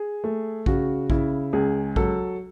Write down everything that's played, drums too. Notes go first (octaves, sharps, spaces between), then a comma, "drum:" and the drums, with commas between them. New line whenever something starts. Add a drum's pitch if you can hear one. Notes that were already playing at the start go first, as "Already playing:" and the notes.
Already playing: G#4
A3
C#3 F#4, drum: kick
C#3 E4, drum: kick
C#2 G#4
F#3 A4, drum: kick